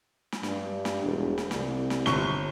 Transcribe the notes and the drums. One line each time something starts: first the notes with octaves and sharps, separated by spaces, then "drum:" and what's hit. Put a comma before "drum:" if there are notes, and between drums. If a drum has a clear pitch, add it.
drum: snare
G2, drum: snare
drum: snare
E1
drum: snare
C2, drum: snare
drum: snare
G1 C#6 G7, drum: snare